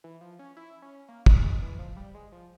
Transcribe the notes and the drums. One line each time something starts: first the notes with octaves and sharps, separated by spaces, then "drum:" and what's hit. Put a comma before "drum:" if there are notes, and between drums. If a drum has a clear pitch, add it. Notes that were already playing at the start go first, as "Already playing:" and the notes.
E3
F3
C#4
E4
C#4
A#3
G#3, drum: kick
G#3
E3
F3
G3
G#3
F3